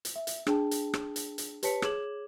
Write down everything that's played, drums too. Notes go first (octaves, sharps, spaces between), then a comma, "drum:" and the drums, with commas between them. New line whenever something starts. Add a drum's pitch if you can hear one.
drum: hi-hat
E5
drum: hi-hat
D4 G#4 G5 A5, drum: rim click
drum: hi-hat
drum: rim click
drum: hi-hat
drum: hi-hat
G4 B4 C#5 A5 B6 C#7, drum: hi-hat
G#4 C#5 D6 G#6 E7 F#7, drum: rim click